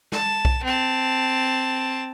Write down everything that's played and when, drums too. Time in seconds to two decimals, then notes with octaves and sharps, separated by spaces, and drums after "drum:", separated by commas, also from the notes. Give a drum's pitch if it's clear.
0.12 A5, drum: snare
0.45 drum: kick B1
0.64 C4 A5